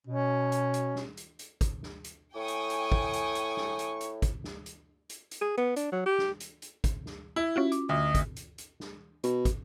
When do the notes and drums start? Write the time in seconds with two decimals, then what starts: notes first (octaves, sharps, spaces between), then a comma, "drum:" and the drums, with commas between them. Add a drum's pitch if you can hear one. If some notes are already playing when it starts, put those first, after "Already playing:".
0.07 B2 C#4
0.52 drum: hi-hat
0.74 drum: hi-hat
0.96 drum: snare
1.17 drum: hi-hat
1.39 drum: hi-hat
1.61 drum: kick, hi-hat
1.83 drum: snare
2.04 drum: hi-hat
2.35 A2 G5 G#5 C#6 D#6
2.48 drum: hi-hat
2.70 drum: hi-hat
2.92 drum: kick
3.13 drum: hi-hat
3.35 drum: hi-hat
3.57 drum: snare
3.79 drum: hi-hat
4.01 drum: hi-hat
4.22 drum: kick, hi-hat
4.44 drum: snare
4.66 drum: hi-hat
5.10 drum: hi-hat
5.31 drum: hi-hat
5.41 G#4
5.58 B3
5.76 D4, drum: hi-hat
5.92 F#3
6.06 G4
6.19 drum: snare
6.40 drum: hi-hat
6.62 drum: hi-hat
6.84 drum: kick, hi-hat
7.06 drum: snare
7.36 E4
7.56 C#4 F4 F#4
7.72 D6, drum: hi-hat
7.89 D2 D#5
8.15 drum: kick, hi-hat
8.36 drum: hi-hat
8.58 drum: hi-hat
8.80 drum: snare
9.24 B2, drum: hi-hat
9.45 drum: kick, hi-hat